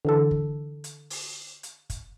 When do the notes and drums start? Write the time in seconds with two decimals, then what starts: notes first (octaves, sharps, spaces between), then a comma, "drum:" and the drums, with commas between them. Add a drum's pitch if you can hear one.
0.05 D3 E3 A4
0.31 drum: kick
0.84 drum: hi-hat
1.10 drum: open hi-hat
1.63 drum: hi-hat
1.90 drum: kick, hi-hat